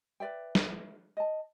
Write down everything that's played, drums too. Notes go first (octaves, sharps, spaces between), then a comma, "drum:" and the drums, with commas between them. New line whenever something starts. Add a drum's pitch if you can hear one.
B4 D5 E5 G5
drum: snare
D#5 A5